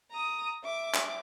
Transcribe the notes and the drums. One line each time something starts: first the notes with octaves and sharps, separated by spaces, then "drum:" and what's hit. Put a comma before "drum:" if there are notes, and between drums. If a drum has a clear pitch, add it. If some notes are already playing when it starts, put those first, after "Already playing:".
A#5 D#6
E5 D6
drum: clap